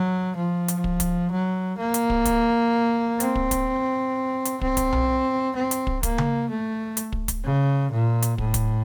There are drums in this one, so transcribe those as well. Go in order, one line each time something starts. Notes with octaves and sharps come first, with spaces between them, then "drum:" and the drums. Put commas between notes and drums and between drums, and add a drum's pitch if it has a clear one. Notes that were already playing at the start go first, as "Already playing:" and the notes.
Already playing: F#3
F3
drum: hi-hat
drum: kick
drum: kick, hi-hat
F#3
A#3
drum: hi-hat
drum: kick
drum: kick, hi-hat
C4, drum: hi-hat
drum: kick
drum: kick, hi-hat
drum: hi-hat
C4, drum: kick
drum: kick, hi-hat
drum: tom B1
C4
drum: hi-hat
drum: kick
A#3, drum: kick, hi-hat
drum: tom C#3
A3
drum: hi-hat
drum: kick
drum: kick, hi-hat
C#3
A#2
drum: hi-hat
A2, drum: kick
drum: kick, hi-hat